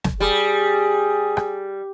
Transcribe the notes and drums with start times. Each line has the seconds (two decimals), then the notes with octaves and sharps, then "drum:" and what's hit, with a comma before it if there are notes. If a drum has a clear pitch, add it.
0.04 drum: snare
0.20 G3 G#4
1.37 drum: rim click